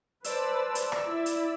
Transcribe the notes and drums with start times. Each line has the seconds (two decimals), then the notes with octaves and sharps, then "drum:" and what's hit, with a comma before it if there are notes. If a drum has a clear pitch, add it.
0.24 B4 C5 D5 A5 E6, drum: hi-hat
0.75 drum: hi-hat
0.92 drum: rim click
1.05 E4
1.26 drum: hi-hat